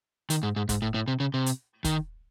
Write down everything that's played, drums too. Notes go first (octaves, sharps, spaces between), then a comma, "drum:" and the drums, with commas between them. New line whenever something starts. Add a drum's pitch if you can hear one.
D#3, drum: hi-hat
G#2
G#2
G#2, drum: kick, hi-hat
A2
A2
C3
C#3
C3
drum: hi-hat
D#3, drum: kick, hi-hat